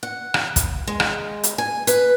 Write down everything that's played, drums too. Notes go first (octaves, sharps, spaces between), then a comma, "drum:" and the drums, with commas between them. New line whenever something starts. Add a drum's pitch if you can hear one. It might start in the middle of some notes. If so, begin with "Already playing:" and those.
F#5
drum: rim click
drum: kick, hi-hat
G#3
drum: rim click
drum: hi-hat
G#5
B4, drum: hi-hat